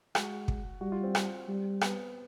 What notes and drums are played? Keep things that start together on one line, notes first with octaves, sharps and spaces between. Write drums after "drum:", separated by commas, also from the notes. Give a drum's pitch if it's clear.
G#3 F#4, drum: rim click
drum: kick
G3 F#4
F4
C4
drum: rim click
G3
B3, drum: rim click